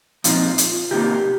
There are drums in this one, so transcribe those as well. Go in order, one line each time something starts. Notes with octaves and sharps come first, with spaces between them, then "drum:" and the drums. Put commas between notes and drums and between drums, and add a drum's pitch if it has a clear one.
A#2 F3 C4 D#4 F4, drum: hi-hat
drum: hi-hat
C3 D#3 A#3 F4 G4